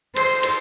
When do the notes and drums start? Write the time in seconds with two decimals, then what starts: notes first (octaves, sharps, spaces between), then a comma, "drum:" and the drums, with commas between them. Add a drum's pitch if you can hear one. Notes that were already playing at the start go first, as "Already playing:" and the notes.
0.16 C5, drum: cymbal
0.43 drum: cymbal